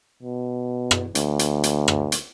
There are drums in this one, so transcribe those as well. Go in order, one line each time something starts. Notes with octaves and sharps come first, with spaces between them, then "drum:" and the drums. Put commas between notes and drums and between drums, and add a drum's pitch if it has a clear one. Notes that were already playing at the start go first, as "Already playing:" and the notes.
B2
drum: rim click
D2, drum: hi-hat
drum: hi-hat
drum: hi-hat
drum: rim click
drum: hi-hat